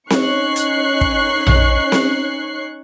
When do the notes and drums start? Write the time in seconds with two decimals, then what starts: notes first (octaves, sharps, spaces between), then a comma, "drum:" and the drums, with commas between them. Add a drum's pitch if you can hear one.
0.10 C#4 D#4 C#5 C#6 F#6 C7, drum: snare C4
0.56 drum: hi-hat
1.01 drum: kick
1.47 drum: tom A#1
1.92 drum: snare C4